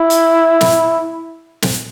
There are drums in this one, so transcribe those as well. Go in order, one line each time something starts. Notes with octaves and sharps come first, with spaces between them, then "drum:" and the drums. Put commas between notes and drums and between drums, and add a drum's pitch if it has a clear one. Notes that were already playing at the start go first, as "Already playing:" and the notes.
Already playing: E4
drum: hi-hat
drum: snare
drum: snare